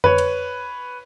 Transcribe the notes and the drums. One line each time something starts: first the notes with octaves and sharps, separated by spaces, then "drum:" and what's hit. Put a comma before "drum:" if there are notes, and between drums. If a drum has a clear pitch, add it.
B4 C#5, drum: tom F2
drum: cymbal